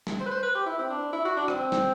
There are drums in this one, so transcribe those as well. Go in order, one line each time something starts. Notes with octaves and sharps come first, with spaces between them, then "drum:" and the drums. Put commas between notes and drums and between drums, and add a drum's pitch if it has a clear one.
drum: snare
C5
B4
C5
B4
G4
E4
C4
D4
E4
F#4
D4
C4, drum: rim click
drum: snare